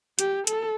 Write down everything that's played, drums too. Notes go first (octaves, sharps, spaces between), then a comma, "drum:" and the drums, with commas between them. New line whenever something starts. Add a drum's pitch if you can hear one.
G4, drum: hi-hat
A4, drum: hi-hat